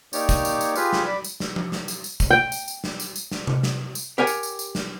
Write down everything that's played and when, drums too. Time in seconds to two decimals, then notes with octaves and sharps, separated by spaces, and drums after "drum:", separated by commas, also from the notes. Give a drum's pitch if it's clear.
0.13 A#3 D#4 G4 C#5 D5, drum: tambourine
0.29 drum: kick, tambourine
0.45 drum: tambourine
0.61 drum: tambourine
0.76 F4 G4 G#4 B4, drum: tambourine
0.93 drum: snare
1.05 D5 B5
1.24 drum: tambourine
1.40 drum: snare
1.56 drum: tom F3
1.72 drum: snare
1.88 drum: tambourine
2.04 drum: tambourine
2.20 drum: kick, tambourine
2.30 G5
2.52 drum: tambourine
2.68 drum: tambourine
2.84 drum: snare
3.00 drum: tambourine
3.16 drum: tambourine
3.31 drum: snare
3.47 drum: tom C3
3.63 drum: snare
3.95 drum: tambourine
4.18 G4 A#4 C#5 F#5 G#5
4.27 drum: tambourine
4.43 drum: tambourine
4.59 drum: tambourine
4.75 drum: snare